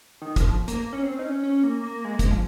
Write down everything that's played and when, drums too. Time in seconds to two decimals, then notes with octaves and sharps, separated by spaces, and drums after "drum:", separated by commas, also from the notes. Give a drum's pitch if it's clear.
0.22 D#3
0.36 F3, drum: kick, hi-hat
0.68 A#3, drum: hi-hat
0.93 C#4
1.03 C4
1.19 D#4
1.24 C#4
1.43 C#4
1.63 A#3
1.83 A#3
2.05 G#3
2.12 A#3
2.19 G#3, drum: kick, hi-hat
2.31 F3